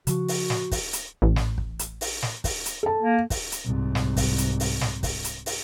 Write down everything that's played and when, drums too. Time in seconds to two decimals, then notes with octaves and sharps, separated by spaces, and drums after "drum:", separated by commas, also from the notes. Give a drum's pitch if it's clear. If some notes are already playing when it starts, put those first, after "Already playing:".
0.07 C#3 F3 F#4, drum: hi-hat
0.28 drum: open hi-hat
0.50 drum: snare
0.71 drum: kick, open hi-hat
0.93 drum: hi-hat
1.22 A1
1.36 drum: snare
1.58 drum: kick
1.79 drum: hi-hat
2.01 drum: open hi-hat
2.22 drum: snare
2.44 drum: kick, open hi-hat
2.66 drum: hi-hat
2.83 A4 A5
3.01 A#3
3.30 drum: kick, open hi-hat
3.52 drum: hi-hat
3.65 C2 G#2
3.95 drum: snare
4.17 drum: kick, open hi-hat
4.38 drum: hi-hat
4.60 drum: open hi-hat
4.81 drum: snare
5.03 drum: kick, open hi-hat
5.24 drum: hi-hat
5.46 drum: open hi-hat